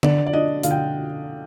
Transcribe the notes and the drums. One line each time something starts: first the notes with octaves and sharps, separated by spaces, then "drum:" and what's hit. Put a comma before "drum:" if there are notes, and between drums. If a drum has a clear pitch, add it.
D3 D5, drum: tom
D5
D4 D#5
D3 F5, drum: hi-hat
G5